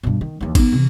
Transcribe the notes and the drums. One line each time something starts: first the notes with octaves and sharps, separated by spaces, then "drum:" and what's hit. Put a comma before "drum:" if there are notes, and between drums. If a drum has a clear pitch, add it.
G2 B2
D#3
D#2 E3
B3 D#4, drum: kick G#1, cymbal
C3 E3